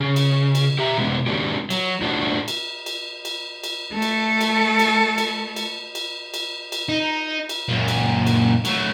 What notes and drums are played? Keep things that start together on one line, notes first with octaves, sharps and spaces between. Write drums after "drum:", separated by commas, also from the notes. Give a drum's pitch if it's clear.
C#3
drum: cymbal
drum: cymbal
G4 E5 A#5
C3 G#3 B3
D#3 G#3 C4 D4 F#4 G4
F#3, drum: cymbal
A2 D4 F4 F#4
drum: cymbal
drum: cymbal
drum: cymbal
drum: cymbal
A3 A4
drum: cymbal
drum: cymbal
drum: cymbal
drum: cymbal
drum: cymbal
drum: cymbal
drum: cymbal
drum: cymbal
D#4
drum: cymbal
F#2 A#2
drum: cymbal
drum: cymbal
F#3 A3, drum: cymbal